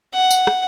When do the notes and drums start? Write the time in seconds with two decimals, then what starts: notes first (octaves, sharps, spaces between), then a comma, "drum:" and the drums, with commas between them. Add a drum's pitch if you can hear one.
0.14 F#5
0.30 drum: tambourine
0.47 drum: rim click